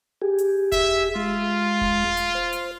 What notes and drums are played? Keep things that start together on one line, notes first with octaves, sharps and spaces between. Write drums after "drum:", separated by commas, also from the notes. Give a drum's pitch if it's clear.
G4 G#4
drum: hi-hat
E5, drum: kick E1, hi-hat
G#3 F4
drum: kick E1
drum: hi-hat
C5
drum: hi-hat